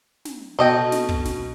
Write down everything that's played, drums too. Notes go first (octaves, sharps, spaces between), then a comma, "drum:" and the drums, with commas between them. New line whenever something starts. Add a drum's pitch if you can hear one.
drum: snare
B2 A4 D#5 G5
drum: snare
drum: kick
drum: snare